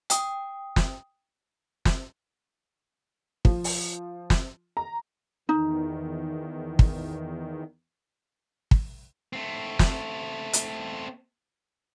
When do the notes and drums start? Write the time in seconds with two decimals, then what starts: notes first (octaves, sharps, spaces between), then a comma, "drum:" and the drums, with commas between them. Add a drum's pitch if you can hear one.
0.10 G5 D#6, drum: hi-hat
0.76 drum: snare
1.85 drum: snare
3.45 F3, drum: kick
3.64 drum: open hi-hat
4.30 drum: snare
4.77 A#5
5.49 E2 D#3 D#4
6.79 drum: kick
8.71 drum: kick
9.33 A3 C4
9.79 drum: snare
10.53 drum: hi-hat